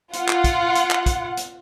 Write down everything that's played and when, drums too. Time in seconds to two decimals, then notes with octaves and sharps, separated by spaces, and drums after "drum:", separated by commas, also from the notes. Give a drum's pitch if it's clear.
0.13 F4 F#5, drum: hi-hat
0.29 drum: clap
0.44 drum: kick, hi-hat
0.75 drum: hi-hat
0.91 drum: clap
1.06 drum: kick, hi-hat
1.37 drum: hi-hat